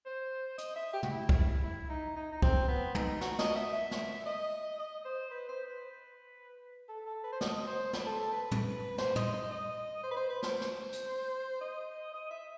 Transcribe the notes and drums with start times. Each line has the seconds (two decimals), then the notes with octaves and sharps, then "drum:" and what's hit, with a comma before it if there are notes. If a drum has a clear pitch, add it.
0.06 C5
0.58 D#5, drum: hi-hat
0.76 E5
0.94 G4
1.03 F#4, drum: tom
1.10 E4
1.29 drum: kick C2
1.63 E4
1.90 D#4
2.16 D#4
2.32 D#4
2.42 C4, drum: kick C2
2.68 B3
2.95 D#4, drum: tom
3.21 F#4, drum: snare
3.39 D#5, drum: snare
3.56 E5
3.73 E5
3.91 drum: snare
4.26 D#5
4.79 D#5
5.05 C5
5.31 B4
5.49 C5
5.66 B4
6.89 A4
7.06 A4
7.24 B4
7.32 C5
7.41 D#5, drum: snare
7.67 C5
7.93 B4, drum: snare
8.06 A4
8.20 A4
8.33 B4
8.51 drum: tom
8.98 C5, drum: snare
9.16 D#5, drum: tom
9.33 D#5
9.51 D#5
10.03 C5
10.11 B4
10.16 C5
10.29 B4
10.43 C5, drum: snare
10.61 drum: snare
10.92 drum: hi-hat
11.61 D#5
12.14 D#5
12.31 E5